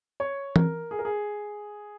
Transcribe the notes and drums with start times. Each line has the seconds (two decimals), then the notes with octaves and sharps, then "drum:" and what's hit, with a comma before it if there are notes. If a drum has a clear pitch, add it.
0.20 C#5
0.56 A#4, drum: tom E3
0.91 G#4
0.99 A#4
1.05 G#4